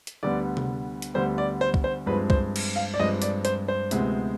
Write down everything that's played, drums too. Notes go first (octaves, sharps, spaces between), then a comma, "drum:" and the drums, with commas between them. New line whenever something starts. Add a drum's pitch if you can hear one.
drum: hi-hat
D2 D3 G3 B3 D5
drum: tom C3
drum: hi-hat
D2 D3 G3 B3 C5
D5
C5
drum: kick C2
C5
G2 F3 G#3 C4 B4
C5, drum: kick C2
drum: cymbal
F5
D5
G2 F3 G#3 C4 D#5
D5, drum: hi-hat
C5, drum: hi-hat
C5
D2 C3 F3 G#3 B3, drum: hi-hat